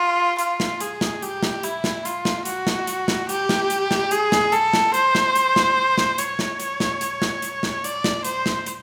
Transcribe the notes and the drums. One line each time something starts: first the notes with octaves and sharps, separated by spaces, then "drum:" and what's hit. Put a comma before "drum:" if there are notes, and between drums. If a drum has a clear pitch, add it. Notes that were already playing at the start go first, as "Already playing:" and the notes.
Already playing: F4
F4, drum: hi-hat
drum: snare
G#4, drum: hi-hat
drum: snare
G4, drum: hi-hat
drum: snare
E4, drum: hi-hat
drum: snare
F4, drum: hi-hat
drum: snare
F#4, drum: hi-hat
drum: snare
drum: hi-hat
drum: snare
G4, drum: hi-hat
drum: snare
drum: hi-hat
drum: snare
G#4, drum: hi-hat
drum: snare
A4, drum: hi-hat
drum: snare
C5, drum: hi-hat
drum: snare
drum: hi-hat
drum: snare
drum: snare
C#5, drum: hi-hat
drum: snare
drum: hi-hat
drum: snare
drum: hi-hat
drum: snare
drum: hi-hat
drum: snare
D5, drum: hi-hat
drum: snare
C5, drum: hi-hat
drum: snare
drum: hi-hat